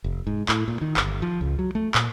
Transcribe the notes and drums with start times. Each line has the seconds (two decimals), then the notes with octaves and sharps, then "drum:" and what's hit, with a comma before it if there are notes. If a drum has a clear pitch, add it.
0.04 F1
0.27 G#2
0.49 A2, drum: clap
0.68 A#2
0.81 D#3
0.97 G1, drum: clap
1.22 F3
1.41 C#2
1.59 F#3
1.75 A3
1.95 A#2, drum: clap